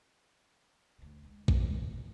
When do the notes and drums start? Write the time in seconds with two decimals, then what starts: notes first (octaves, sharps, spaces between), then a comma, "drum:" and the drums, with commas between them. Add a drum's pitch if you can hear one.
0.98 D2 B2
1.23 B1 G#3
1.48 G#2, drum: kick
1.60 F#1 C2
1.78 G3
1.96 A#3